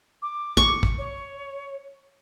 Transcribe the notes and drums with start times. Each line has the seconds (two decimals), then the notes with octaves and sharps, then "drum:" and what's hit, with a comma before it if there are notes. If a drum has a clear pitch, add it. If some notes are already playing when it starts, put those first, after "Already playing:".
0.22 D6
0.57 C#6, drum: kick
0.83 drum: kick
0.98 C#5